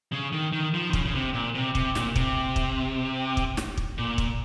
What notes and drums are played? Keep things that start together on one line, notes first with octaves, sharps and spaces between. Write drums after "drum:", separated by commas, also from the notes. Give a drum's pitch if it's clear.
C#3
D#3
D#3
F3
D#3
C#3, drum: kick
C#3
C3
A#2
C3
C3, drum: kick
A#2, drum: snare
C3, drum: kick
drum: kick
drum: kick
drum: snare
drum: kick
A#2
drum: kick